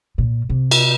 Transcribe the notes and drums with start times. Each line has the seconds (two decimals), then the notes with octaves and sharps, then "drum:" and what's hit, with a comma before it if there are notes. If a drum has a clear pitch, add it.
0.18 A#2
0.50 C3
0.71 drum: cymbal